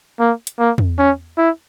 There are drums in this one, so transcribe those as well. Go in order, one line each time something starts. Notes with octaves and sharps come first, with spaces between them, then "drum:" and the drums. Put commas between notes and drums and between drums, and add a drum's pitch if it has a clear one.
A#3
drum: hi-hat
A#3
drum: tom
C#4
E4